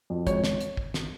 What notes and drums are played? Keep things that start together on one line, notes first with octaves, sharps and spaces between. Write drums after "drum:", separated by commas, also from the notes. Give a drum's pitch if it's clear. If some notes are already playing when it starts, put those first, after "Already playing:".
F2
G#3 C#5, drum: kick, hi-hat
drum: snare
drum: hi-hat
drum: kick
drum: snare